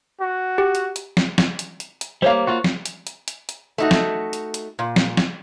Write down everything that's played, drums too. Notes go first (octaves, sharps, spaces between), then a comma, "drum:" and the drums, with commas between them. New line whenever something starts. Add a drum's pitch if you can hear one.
F#4
G4
drum: hi-hat
drum: hi-hat
drum: snare
drum: snare
drum: hi-hat
drum: hi-hat
drum: hi-hat
G3 A#3 C5 C#5 F5
A#3 F4 F#4
drum: snare
drum: hi-hat
drum: hi-hat
drum: hi-hat
drum: hi-hat
A3 D#4 F#4
drum: snare
drum: hi-hat
drum: hi-hat
A#2
drum: snare
drum: snare